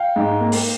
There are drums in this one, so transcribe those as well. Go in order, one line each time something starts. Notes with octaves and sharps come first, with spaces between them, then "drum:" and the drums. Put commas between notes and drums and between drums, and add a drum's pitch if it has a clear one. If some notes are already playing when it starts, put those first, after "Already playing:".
Already playing: F5 G5
G#2
A#3
drum: open hi-hat